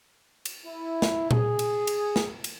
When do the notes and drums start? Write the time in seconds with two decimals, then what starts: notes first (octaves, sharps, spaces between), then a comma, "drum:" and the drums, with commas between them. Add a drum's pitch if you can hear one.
0.45 drum: cymbal
0.65 E4
1.02 drum: snare
1.31 G#4, drum: tom A#2
1.59 drum: cymbal
1.87 drum: cymbal
2.16 drum: snare
2.44 drum: cymbal